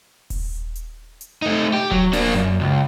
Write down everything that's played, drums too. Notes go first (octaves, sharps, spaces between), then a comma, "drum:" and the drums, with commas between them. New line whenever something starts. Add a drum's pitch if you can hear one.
drum: kick D#1, open hi-hat
drum: hi-hat
drum: hi-hat
A3 D#4
G4
F#3, drum: kick D#1
A#3 D4, drum: open hi-hat
F#2
C#2